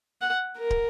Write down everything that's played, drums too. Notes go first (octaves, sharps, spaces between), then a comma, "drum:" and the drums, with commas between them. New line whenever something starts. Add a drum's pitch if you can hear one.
F#5
A#4
drum: kick